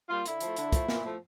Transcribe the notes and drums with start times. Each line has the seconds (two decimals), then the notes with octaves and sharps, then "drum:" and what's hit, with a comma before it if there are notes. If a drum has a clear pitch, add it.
0.09 G3 A#3 F4
0.26 D3 E4, drum: hi-hat
0.40 F3 A3, drum: hi-hat
0.56 D3, drum: hi-hat
0.72 F3 A3, drum: kick, hi-hat
0.88 A#2, drum: snare
1.04 F3 A3